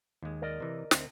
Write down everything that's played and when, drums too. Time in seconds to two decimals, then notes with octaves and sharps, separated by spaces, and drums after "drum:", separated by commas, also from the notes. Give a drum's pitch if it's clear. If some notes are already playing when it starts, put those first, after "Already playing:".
0.23 D#2 G#3
0.42 A#4 D5 D#5
0.60 C3 E3
0.91 D2 C4 E5, drum: snare